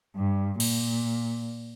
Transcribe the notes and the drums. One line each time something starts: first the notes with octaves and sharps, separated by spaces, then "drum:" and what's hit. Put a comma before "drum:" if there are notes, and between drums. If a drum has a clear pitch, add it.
G2
A#2, drum: cymbal